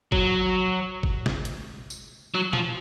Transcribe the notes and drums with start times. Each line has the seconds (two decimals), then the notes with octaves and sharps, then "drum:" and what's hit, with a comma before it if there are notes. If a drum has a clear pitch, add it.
0.12 F#3, drum: kick G1
1.03 drum: kick G1
1.26 drum: snare
1.45 drum: hi-hat
1.90 drum: tambourine
2.34 F#3
2.53 F3, drum: tom B2